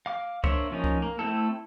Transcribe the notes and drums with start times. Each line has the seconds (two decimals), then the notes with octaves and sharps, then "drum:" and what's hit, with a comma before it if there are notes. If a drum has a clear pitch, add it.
0.06 F5 D6
0.44 A#3 D4 C5 C#5 E5, drum: kick C#2
0.72 F3 A#3 C#4 D#4
0.84 drum: kick C#2
1.02 A#3
1.19 A3 C4 E4 A4